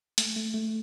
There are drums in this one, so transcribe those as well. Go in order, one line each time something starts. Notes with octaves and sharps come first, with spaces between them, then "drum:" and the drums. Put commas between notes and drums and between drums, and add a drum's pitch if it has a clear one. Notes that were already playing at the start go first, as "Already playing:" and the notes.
A3, drum: hi-hat
A3
A3